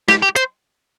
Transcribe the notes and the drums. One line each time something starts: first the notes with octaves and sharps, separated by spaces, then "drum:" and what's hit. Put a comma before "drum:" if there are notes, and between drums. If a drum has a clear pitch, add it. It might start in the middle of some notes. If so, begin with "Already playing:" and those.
G4, drum: snare
G4
C5, drum: hi-hat